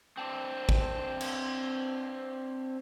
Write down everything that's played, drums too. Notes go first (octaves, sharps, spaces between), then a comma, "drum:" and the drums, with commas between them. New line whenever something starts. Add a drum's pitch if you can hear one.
C4 D4
drum: kick
drum: cymbal